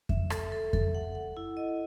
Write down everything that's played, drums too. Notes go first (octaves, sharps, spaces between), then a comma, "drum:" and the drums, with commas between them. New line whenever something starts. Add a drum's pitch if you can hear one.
E5, drum: kick F2
A4, drum: rim click
A4
A4, drum: kick F2
F#5
F#5
E4
D#5